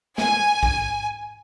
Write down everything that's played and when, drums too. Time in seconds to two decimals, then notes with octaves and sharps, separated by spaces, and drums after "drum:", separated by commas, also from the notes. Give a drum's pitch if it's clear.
0.18 G#5, drum: snare
0.63 drum: kick